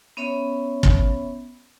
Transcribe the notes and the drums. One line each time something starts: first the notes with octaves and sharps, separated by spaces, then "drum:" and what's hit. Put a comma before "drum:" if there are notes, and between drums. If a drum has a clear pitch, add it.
B3 C#4 C#5 E5 B5
drum: kick